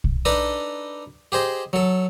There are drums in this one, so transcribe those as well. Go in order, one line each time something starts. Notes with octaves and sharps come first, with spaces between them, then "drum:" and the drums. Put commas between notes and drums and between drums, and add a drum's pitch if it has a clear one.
drum: kick
D4 D#4 A4 B4 D#5
G4 G#4 C5 D#5
F#3 A4